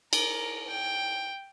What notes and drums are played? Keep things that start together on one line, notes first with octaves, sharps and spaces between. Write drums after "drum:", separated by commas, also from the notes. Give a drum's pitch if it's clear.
A#4, drum: cymbal
G5